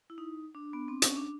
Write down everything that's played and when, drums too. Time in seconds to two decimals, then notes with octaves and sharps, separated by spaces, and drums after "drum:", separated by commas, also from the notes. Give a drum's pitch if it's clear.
0.10 E4
0.18 D#4
0.55 D4
0.73 B3
0.88 C4
1.02 C#4, drum: hi-hat
1.16 D4